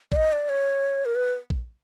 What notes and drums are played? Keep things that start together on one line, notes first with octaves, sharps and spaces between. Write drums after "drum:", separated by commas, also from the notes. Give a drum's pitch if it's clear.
D5, drum: kick A#1
D#5
D5
C#5
A#4
B4
drum: kick A#1